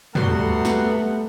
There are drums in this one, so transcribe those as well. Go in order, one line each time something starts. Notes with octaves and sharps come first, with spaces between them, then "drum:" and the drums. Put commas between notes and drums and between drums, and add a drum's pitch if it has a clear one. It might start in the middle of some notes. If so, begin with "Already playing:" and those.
G3 A3 B3 F#4 A4 F#5 A#5 C6, drum: tom
drum: snare